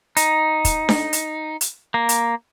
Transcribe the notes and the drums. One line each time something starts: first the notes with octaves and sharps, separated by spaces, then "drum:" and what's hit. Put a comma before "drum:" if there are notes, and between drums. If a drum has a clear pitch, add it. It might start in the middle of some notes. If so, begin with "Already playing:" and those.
D#4, drum: hi-hat
drum: kick, hi-hat
drum: snare D4
drum: hi-hat
drum: hi-hat
A#3
drum: hi-hat